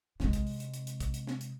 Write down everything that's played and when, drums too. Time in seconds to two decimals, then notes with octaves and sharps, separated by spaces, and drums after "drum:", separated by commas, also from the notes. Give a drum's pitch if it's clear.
0.20 C3 G#3, drum: snare
0.33 drum: kick, hi-hat
0.47 drum: open hi-hat
0.60 drum: hi-hat
0.74 drum: hi-hat
0.87 drum: hi-hat
1.00 drum: kick, hi-hat
1.14 drum: hi-hat
1.27 drum: snare
1.41 drum: hi-hat